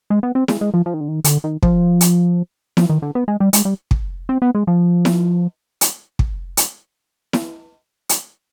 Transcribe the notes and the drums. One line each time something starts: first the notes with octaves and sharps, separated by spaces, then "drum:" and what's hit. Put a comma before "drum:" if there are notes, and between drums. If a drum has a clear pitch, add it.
G#3
B3
C4
G#3, drum: snare E4
G#3
F3
F3
D#3
D3
D#3
D3, drum: hi-hat
D#3
F3, drum: kick
drum: hi-hat
F3, drum: snare E4
D#3
D3
B3
G#3
G3
G#3, drum: hi-hat
G3
drum: kick
C4
B3
G#3
F3
drum: snare E4
drum: hi-hat
drum: kick
drum: hi-hat
drum: snare E4
drum: hi-hat